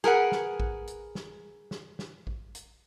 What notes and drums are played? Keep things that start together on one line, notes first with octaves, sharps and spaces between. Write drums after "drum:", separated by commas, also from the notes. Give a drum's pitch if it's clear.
G#4 A#4 B4 F#5, drum: snare
drum: snare
drum: kick A1
drum: hi-hat
drum: snare
drum: snare
drum: snare
drum: kick A1
drum: hi-hat